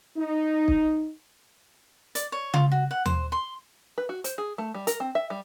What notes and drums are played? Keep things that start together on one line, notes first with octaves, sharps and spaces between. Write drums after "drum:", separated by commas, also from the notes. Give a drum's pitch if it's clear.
D#4
drum: kick
D5, drum: hi-hat
C#5
F4, drum: tom C#3
F#4
F#5
C5, drum: tom D#2
C6
B4
F#4
C5, drum: hi-hat
G#4
A3
G3
A#4, drum: hi-hat
C4
E5
G3